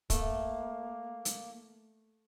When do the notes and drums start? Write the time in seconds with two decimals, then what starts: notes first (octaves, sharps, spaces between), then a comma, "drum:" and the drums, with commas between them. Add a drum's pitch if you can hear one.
0.10 A3 A#3, drum: kick, hi-hat
1.25 drum: hi-hat